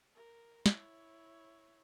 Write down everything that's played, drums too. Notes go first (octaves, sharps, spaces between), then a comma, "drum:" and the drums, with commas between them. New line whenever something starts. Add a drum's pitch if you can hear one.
A#4
E4 C#5, drum: snare